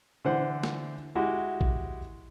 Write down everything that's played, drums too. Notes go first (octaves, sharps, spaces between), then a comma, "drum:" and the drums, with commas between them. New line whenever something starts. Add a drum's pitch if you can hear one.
D3 E3 C5 F#5
drum: snare
G#3 E4 F#4 G4
drum: kick A#1